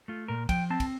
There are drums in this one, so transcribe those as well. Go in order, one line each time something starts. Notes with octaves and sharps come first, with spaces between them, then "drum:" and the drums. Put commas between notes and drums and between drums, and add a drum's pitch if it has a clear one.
A3 F4
A#2 A#4
F3 G5, drum: kick, cymbal
C4 A5
drum: kick, cymbal